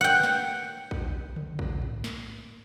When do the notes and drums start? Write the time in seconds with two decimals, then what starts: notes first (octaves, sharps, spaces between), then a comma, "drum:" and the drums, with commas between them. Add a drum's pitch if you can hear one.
0.01 F#5 G5
0.23 drum: snare
0.91 drum: kick
1.36 drum: tom C#3
1.59 drum: kick
1.82 drum: tom G#2
2.04 drum: snare